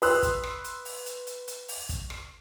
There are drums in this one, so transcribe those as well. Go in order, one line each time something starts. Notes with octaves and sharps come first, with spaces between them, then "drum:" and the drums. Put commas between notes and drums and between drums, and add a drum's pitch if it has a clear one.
B4 C6 D#6 E6 F#6, drum: open hi-hat
drum: kick, hi-hat
drum: rim click
drum: hi-hat
drum: open hi-hat
drum: hi-hat
drum: hi-hat
drum: hi-hat
drum: open hi-hat
drum: kick, hi-hat
drum: rim click